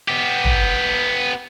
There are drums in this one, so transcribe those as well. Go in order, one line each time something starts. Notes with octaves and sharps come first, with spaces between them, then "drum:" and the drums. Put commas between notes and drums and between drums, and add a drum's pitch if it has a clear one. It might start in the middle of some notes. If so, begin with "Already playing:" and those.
B3 G4
drum: tom